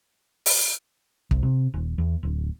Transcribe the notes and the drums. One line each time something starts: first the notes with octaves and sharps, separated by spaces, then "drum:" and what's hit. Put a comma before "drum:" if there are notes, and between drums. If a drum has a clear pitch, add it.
drum: open hi-hat
C2, drum: kick
C3
D#1
E2
D1